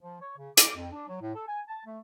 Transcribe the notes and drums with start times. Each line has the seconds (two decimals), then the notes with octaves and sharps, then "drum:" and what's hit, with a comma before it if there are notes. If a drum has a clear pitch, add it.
0.01 F3
0.21 C#5
0.38 C#3
0.57 D6, drum: hi-hat
0.76 F2
0.92 D4
1.08 F#3
1.22 A2
1.34 A4
1.48 G#5
1.69 A5
1.86 A3